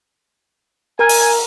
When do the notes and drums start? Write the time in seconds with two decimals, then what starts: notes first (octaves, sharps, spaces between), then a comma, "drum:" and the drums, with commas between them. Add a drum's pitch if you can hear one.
0.99 A#4 G#5 A#5 F6
1.09 drum: open hi-hat